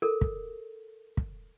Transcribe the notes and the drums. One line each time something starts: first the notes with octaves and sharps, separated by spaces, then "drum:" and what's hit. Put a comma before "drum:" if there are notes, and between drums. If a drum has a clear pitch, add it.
A4 A#4
drum: kick
drum: kick